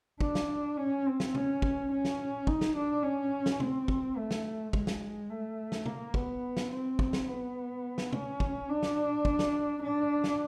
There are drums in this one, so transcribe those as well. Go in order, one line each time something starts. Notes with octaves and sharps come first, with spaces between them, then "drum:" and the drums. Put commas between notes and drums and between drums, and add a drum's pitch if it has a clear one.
D4, drum: kick
drum: snare
C#4
C4
drum: snare
C#4, drum: tom C3
drum: kick
C#4
drum: snare
D#4, drum: kick
drum: snare
D4
C#4
drum: snare
C4, drum: tom C3
drum: kick
A3
drum: snare
G#3, drum: kick
drum: snare
A3
drum: snare
A#3, drum: tom C3
B3, drum: kick
drum: snare
C4
drum: kick
drum: snare
B3
drum: snare
C#4, drum: tom C3
drum: kick
D4
drum: snare
drum: kick
drum: snare
D4
drum: snare